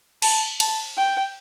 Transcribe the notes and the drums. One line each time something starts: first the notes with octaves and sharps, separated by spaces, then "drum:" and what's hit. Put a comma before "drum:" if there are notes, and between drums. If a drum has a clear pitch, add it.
A5, drum: cymbal
A5, drum: cymbal
G5